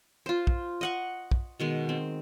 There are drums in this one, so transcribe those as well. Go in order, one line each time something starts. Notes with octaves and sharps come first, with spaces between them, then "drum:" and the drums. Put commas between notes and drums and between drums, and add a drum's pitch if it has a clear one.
F4 C5
drum: kick
D#5 F#5 C#6
drum: kick
B2 D#3 G#3
C4